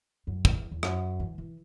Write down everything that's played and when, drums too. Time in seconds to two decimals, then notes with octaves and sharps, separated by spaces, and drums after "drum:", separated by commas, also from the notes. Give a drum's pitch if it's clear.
0.27 F#2
0.45 E2, drum: kick
0.71 E2
0.83 F#2, drum: rim click
1.20 E3
1.38 E3